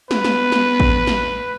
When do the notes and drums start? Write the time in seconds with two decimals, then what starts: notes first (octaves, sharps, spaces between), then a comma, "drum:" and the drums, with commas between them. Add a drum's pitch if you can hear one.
0.11 B3 B4, drum: snare
0.25 drum: snare
0.52 drum: snare
0.80 drum: kick A1
1.07 drum: snare